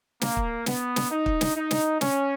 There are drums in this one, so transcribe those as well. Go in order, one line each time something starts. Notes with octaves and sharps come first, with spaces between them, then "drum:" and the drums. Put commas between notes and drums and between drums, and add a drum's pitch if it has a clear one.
A#3, drum: snare
drum: kick
B3, drum: snare
drum: snare
D#4
drum: kick
drum: snare
D#4
drum: snare
C#4, drum: snare